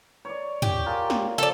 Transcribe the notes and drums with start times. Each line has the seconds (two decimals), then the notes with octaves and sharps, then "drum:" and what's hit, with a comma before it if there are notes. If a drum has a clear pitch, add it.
0.25 C#5 D5
0.62 G4, drum: tom
0.86 F4 G#4 A#4
1.10 drum: snare
1.38 F3 A4 D5